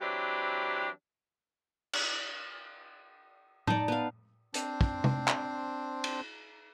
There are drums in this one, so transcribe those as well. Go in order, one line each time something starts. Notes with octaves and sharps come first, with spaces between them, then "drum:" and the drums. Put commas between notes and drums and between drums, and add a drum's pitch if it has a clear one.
E3 F#3 C4 D4 G4 B4
drum: cymbal
D#4 D5 A5, drum: tom A2
B3 F5
C4 D4 C5, drum: hi-hat
drum: kick
drum: tom
drum: clap
drum: cymbal